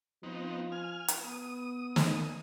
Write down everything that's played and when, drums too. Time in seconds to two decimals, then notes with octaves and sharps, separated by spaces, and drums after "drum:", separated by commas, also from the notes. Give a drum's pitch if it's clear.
0.23 F3 B3 C4 D#4
0.72 G#5 F6
1.08 drum: hi-hat
1.24 B3 D#6
1.96 drum: snare